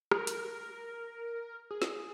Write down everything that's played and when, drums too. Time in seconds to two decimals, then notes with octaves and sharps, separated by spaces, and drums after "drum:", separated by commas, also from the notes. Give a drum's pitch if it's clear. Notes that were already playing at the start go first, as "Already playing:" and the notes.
0.11 G#4, drum: rim click
0.17 A#4
0.27 drum: hi-hat
1.71 G#4
1.82 drum: snare